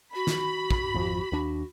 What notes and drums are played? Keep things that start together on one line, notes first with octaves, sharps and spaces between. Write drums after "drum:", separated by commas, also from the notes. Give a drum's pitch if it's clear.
F#4 B5
drum: snare
drum: kick
G#1 F2 F3
D#2 D4 F#4